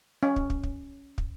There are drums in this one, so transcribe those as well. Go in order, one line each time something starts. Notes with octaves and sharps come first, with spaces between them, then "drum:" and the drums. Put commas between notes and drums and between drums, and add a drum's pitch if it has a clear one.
C#4
drum: kick
drum: kick
drum: kick
drum: kick